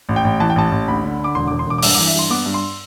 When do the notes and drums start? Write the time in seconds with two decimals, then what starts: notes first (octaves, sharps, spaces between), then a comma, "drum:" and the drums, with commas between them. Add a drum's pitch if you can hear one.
0.09 A1
0.16 G5
0.25 A1
0.40 E3 A5
0.50 G5
0.56 A1 A5
0.72 A1
0.88 D2 B5
1.03 D3
1.19 D3
1.24 D6
1.35 E1 C6
1.47 E1 D6
1.59 C6
1.66 E1 D6
1.78 D6
1.83 G2 E6, drum: open hi-hat
1.95 E3 D6
2.07 E5
2.15 G2 C6
2.30 B3 D6
2.46 G2
2.54 C6